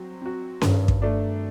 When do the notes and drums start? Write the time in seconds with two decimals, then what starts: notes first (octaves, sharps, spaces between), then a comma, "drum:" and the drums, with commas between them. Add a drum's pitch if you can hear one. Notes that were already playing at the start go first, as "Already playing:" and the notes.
Already playing: F#3 C4 F#4
0.22 C4 F#4
0.61 G2 D#3, drum: snare C#4
0.88 drum: kick
1.02 A3 D4